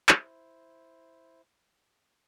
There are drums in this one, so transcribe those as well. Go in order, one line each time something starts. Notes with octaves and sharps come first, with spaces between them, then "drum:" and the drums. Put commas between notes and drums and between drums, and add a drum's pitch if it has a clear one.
E4 C5, drum: clap